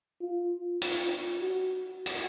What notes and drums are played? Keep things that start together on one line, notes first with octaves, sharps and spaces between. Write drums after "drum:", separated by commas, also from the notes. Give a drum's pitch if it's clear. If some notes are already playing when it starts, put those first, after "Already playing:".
F4
F4, drum: hi-hat
F#4
drum: hi-hat